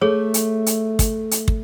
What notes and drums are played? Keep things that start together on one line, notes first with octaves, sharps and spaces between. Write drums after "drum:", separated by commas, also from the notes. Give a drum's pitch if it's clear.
A3 G#4 C#5
drum: hi-hat
drum: hi-hat
drum: kick, hi-hat
drum: hi-hat
drum: kick